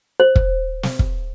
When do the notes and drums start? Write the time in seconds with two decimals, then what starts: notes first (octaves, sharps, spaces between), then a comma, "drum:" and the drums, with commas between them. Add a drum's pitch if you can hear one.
0.20 C5
0.36 drum: kick
0.83 drum: snare
0.99 drum: kick